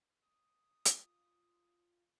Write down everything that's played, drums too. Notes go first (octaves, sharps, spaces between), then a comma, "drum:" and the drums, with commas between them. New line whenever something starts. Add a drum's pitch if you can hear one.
D#6
F4, drum: hi-hat